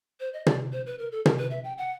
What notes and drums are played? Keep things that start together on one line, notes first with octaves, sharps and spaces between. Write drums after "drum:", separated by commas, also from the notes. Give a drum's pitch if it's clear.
C5
D#5
D5, drum: tom
C5
B4
A#4
A4
A#4, drum: tom
B4
E5
G5
F#5